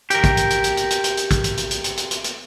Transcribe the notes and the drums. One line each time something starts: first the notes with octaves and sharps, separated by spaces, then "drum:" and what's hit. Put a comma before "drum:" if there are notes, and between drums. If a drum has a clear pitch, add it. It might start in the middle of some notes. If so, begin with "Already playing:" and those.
G4 A#4, drum: hi-hat
drum: kick, hi-hat
drum: hi-hat
drum: hi-hat
drum: hi-hat
drum: hi-hat
drum: hi-hat
drum: hi-hat
drum: hi-hat
drum: kick, hi-hat
drum: hi-hat
drum: hi-hat
drum: hi-hat
drum: hi-hat
drum: hi-hat
drum: hi-hat
drum: hi-hat